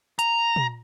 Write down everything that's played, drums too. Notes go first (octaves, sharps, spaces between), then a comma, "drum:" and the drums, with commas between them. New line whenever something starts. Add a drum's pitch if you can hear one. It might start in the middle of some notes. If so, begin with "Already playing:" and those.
A#5, drum: hi-hat
drum: tom